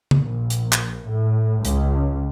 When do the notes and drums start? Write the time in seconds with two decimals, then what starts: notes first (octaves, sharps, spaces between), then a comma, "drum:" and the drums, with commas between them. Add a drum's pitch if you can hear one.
0.11 drum: tom
0.23 A#1
0.50 drum: hi-hat
0.73 drum: clap
1.08 A2
1.65 C#2, drum: hi-hat